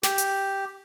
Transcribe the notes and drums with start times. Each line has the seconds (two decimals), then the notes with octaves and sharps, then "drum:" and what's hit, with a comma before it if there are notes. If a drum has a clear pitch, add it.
0.03 G4, drum: snare
0.18 drum: hi-hat